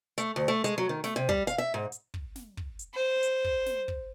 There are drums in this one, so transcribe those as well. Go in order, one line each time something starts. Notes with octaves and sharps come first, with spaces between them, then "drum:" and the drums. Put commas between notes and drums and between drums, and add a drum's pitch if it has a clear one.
A3, drum: hi-hat
D2
A3
G#3, drum: hi-hat
F#3
D#3
A3, drum: snare
C3
G3, drum: kick
F5, drum: hi-hat
E5
G#2
drum: hi-hat
drum: kick
drum: snare
drum: kick
drum: hi-hat
C5
drum: hi-hat
drum: kick
drum: snare
drum: kick